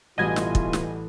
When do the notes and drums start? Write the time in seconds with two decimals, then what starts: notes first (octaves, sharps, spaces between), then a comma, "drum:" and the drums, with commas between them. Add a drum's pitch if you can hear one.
0.18 A1 B2 E3 G3 F4 F#4 D#5 G#5
0.36 drum: snare
0.55 drum: kick
0.73 drum: snare